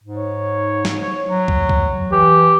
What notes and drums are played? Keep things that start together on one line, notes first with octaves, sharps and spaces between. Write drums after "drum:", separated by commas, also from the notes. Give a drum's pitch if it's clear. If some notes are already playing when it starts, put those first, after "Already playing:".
G#2
C#5
drum: snare
F#3
drum: kick
drum: kick
E3 G4